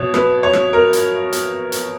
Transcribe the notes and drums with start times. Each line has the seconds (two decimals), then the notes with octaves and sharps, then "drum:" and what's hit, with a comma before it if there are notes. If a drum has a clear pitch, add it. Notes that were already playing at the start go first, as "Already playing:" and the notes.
Already playing: B2 C#5
0.14 B4, drum: rim click
0.43 C#5
0.53 drum: rim click
0.73 A#4
0.93 drum: hi-hat
1.32 drum: hi-hat
1.72 drum: hi-hat